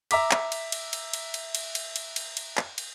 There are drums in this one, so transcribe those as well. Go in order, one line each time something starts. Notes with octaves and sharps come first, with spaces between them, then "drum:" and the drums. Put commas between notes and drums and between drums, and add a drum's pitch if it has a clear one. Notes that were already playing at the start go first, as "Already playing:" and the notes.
E5 A#5 D6 B6, drum: cymbal
drum: clap
drum: cymbal
drum: cymbal
drum: cymbal
drum: cymbal
drum: cymbal
drum: cymbal
drum: cymbal
drum: cymbal
drum: cymbal
drum: cymbal
drum: clap
drum: cymbal